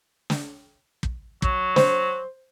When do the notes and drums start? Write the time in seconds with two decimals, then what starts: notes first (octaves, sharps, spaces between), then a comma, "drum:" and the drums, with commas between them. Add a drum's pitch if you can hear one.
0.30 drum: snare
1.03 drum: kick
1.42 F#3, drum: kick
1.76 C5, drum: snare